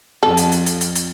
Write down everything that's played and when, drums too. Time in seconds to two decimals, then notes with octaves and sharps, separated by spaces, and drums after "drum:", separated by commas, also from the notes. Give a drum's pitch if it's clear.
0.23 F2 A4
0.37 drum: hi-hat
0.52 drum: hi-hat
0.66 drum: hi-hat
0.81 drum: hi-hat
0.95 drum: hi-hat